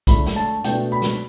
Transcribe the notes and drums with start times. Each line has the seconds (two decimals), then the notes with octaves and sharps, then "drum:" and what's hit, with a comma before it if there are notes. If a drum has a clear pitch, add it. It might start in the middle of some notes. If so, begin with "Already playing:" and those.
0.07 D3 A3 D4 B5, drum: kick B1, hi-hat
0.26 drum: snare
0.36 A5
0.64 B2 A3 D4 G5, drum: hi-hat
0.92 B5
1.02 drum: snare